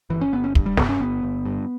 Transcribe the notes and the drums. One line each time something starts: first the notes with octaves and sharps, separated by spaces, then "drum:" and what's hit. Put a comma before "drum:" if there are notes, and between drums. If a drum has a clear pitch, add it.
G1 E3
C#4
G1 B3
C#4
G2, drum: kick
G3
G2 B3, drum: snare
C#4
G1 B3
G1
G2